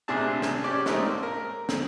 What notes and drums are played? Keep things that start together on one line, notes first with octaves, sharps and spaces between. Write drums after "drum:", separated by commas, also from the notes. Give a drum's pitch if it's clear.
A#1 C3 A3 D4 G#4 A5
G#5, drum: snare
C#4 G4 D5
G#3 A3 C4 D#4 A#4 D#5, drum: snare
A#3
A#4
drum: snare